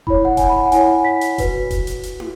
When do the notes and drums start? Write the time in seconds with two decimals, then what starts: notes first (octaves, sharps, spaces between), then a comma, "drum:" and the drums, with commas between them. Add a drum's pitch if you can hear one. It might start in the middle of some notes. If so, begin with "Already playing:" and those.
0.07 E4 C#5 B5, drum: kick E1
0.25 F#5
0.37 G#5, drum: kick E1, hi-hat
0.49 B5
0.66 F#5
0.72 E4 C#5 G#5, drum: hi-hat
1.05 B6
1.21 drum: hi-hat
1.38 F#4 B4, drum: kick E1, hi-hat
1.71 drum: kick E1, hi-hat
1.87 drum: hi-hat
2.03 drum: hi-hat
2.20 drum: tom